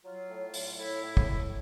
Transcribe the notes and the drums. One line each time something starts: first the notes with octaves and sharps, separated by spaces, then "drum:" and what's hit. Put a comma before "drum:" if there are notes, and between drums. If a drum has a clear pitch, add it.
F#3 F4
A2
A2, drum: open hi-hat
A2 E4
A2
drum: kick
A2